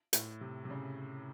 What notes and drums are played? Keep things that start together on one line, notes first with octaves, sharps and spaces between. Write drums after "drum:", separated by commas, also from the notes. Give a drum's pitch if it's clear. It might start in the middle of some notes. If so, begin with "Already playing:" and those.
A2, drum: hi-hat
C3
C3
C#3